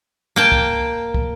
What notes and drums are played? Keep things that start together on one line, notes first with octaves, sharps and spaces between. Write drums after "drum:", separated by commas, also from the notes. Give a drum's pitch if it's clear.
A#3 G5 A5
drum: kick
drum: kick